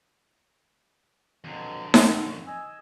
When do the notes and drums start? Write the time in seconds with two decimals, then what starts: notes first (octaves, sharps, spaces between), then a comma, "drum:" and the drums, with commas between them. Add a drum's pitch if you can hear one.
1.44 F2 B2 D3 F#3
1.94 F#4, drum: snare D#4
2.47 D#5 G#5 E6